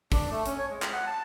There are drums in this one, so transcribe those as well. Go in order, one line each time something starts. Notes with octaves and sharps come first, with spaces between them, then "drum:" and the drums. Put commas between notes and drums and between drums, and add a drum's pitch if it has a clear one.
D4, drum: kick, open hi-hat
A3
C#4, drum: hi-hat
C#5
G#3
drum: clap
F#5
A5